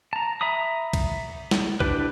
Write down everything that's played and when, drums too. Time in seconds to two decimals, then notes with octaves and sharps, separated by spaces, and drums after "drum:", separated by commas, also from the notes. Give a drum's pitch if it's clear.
0.13 A5 A#5
0.41 E5 A#5 B5 D#6
0.93 drum: kick, cymbal
1.51 drum: snare
1.80 D4 E4 G4 B4, drum: kick